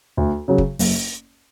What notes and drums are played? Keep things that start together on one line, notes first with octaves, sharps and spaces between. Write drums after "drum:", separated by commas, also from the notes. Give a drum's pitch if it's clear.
D2
C#3 F#3
drum: kick
F#1, drum: open hi-hat